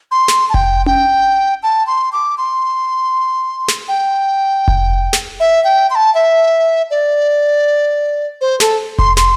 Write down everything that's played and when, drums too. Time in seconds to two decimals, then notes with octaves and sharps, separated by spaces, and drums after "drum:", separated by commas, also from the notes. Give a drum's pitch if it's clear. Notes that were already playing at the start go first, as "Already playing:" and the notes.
0.11 C6
0.28 drum: snare
0.50 A5
0.54 G5, drum: kick F1
0.86 G5, drum: tom C#4
1.63 A5
1.87 C6
2.12 D6
2.38 C6
3.68 drum: snare
3.88 G5
4.68 drum: kick F1
5.13 drum: snare
5.40 E5
5.64 G5
5.90 C6
5.95 A5
6.15 E5
6.91 D5
8.41 C5
8.60 A4, drum: snare
8.98 C6, drum: kick F1
9.17 C6, drum: snare